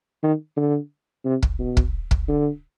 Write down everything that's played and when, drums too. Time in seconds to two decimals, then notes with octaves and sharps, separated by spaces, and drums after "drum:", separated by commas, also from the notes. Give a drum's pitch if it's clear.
0.23 D#3
0.57 D3
1.25 C3
1.42 drum: kick
1.59 B2
1.77 drum: kick
2.11 drum: kick
2.28 D3